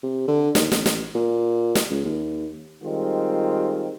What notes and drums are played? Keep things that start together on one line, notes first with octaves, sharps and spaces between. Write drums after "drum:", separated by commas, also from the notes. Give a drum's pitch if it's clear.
C3
D3
D#2, drum: snare
A1, drum: snare
drum: snare
A#2
drum: snare
C#2
D#2
D#3 G3 G#3 C4 F4